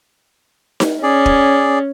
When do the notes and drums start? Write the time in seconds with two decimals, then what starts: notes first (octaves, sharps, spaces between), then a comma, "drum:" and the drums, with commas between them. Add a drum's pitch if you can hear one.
0.80 drum: snare D#4
1.03 C#4 G#4 D5
1.26 drum: kick